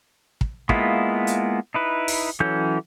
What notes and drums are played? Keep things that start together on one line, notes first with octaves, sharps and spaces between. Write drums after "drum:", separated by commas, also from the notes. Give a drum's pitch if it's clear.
drum: kick
G#3 A#3 B3 E4 F4, drum: kick
drum: hi-hat
D#4 E4 B4
drum: open hi-hat
E3 F#3 C#4 A4 G6